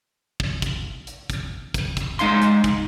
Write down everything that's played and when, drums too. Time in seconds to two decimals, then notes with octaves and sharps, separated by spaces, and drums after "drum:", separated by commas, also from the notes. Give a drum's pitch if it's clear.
0.40 drum: kick
0.62 drum: kick, hi-hat
1.07 drum: hi-hat
1.30 drum: kick, hi-hat
1.74 drum: kick, hi-hat
1.97 drum: kick, hi-hat
2.19 G#3 D#4 F5 C6, drum: hi-hat
2.42 drum: hi-hat
2.64 drum: kick, hi-hat